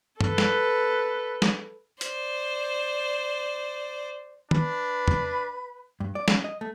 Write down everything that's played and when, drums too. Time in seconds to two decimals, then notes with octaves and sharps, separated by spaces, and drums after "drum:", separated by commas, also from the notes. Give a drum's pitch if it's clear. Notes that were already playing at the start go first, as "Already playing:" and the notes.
0.21 A4 B4, drum: tom G2
0.38 drum: snare
1.42 drum: snare
2.01 C5 D5, drum: hi-hat
4.51 D4 B4, drum: tom
5.08 drum: tom E2
6.00 G2
6.15 D5
6.28 C#4, drum: snare
6.44 D#5
6.61 A3